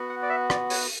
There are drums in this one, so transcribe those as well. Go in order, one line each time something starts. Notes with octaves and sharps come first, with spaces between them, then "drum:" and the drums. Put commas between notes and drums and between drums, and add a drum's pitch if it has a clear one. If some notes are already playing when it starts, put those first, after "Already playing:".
Already playing: B3 F#4
F#5
D5
E5
D5, drum: rim click
C#5, drum: open hi-hat